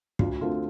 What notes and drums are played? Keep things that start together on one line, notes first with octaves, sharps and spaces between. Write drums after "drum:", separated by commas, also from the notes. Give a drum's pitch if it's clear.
D2 D4 F4, drum: kick
D3 A3 C4 F4 A4